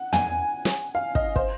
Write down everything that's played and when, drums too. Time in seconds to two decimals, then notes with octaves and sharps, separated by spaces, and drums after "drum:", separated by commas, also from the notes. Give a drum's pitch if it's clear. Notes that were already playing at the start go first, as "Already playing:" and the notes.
Already playing: F#5
0.13 G#5, drum: tom
0.65 drum: snare
0.95 F5
1.15 D#5, drum: kick
1.36 C5, drum: kick